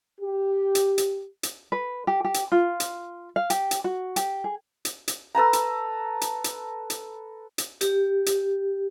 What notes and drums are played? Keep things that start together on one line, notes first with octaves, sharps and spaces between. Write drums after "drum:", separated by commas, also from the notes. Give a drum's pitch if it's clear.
G4
drum: hi-hat
drum: hi-hat
drum: hi-hat
B4
G4
G4
drum: hi-hat
F4
drum: hi-hat
F5
G4, drum: hi-hat
drum: hi-hat
F#4
G4, drum: hi-hat
G#4
drum: hi-hat
drum: hi-hat
A4 B4 A5 A#5
drum: hi-hat
drum: hi-hat
drum: hi-hat
drum: hi-hat
drum: hi-hat
G4, drum: hi-hat
drum: hi-hat